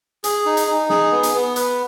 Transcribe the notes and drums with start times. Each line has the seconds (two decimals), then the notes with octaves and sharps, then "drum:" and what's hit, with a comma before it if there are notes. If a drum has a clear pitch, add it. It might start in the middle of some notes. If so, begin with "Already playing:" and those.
0.24 G#4, drum: hi-hat
0.46 D#4
0.57 drum: hi-hat
0.68 D#4
0.89 G#4, drum: snare
1.12 B3
1.23 drum: hi-hat
1.35 B3
1.56 B4, drum: hi-hat